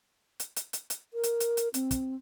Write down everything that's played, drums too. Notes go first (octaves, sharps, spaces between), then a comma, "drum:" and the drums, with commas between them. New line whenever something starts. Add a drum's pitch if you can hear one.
drum: hi-hat
drum: hi-hat
drum: hi-hat
drum: hi-hat
A#4
drum: hi-hat
drum: hi-hat
drum: hi-hat
C4, drum: hi-hat
drum: kick, hi-hat